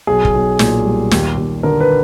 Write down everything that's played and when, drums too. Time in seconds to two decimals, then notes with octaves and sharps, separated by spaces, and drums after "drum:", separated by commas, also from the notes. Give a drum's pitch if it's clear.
0.07 B1 G#4
0.25 drum: kick
0.34 B1
0.59 A#2, drum: snare
0.85 G3
1.11 D#2, drum: snare
1.38 D#2
1.63 D3 A#4
1.80 B4